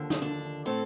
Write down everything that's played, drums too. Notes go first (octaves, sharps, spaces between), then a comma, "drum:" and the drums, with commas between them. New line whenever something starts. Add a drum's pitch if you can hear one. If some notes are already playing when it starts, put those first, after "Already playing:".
Already playing: D#2 D3 F3
D#4, drum: snare
D4
A2 A3 C4 A4, drum: hi-hat